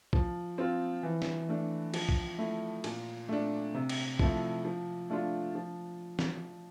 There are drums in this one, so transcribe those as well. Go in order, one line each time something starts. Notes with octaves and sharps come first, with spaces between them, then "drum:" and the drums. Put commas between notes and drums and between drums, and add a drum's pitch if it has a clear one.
F3, drum: kick B1
C4 F4
E3
drum: snare
A3 D4
F3, drum: cymbal
drum: kick B1
A3 E4
A#2, drum: cymbal
A3 D4
C3
drum: cymbal
F3 A3 E4, drum: kick B1
F3
A3 D4 F4
F3
drum: snare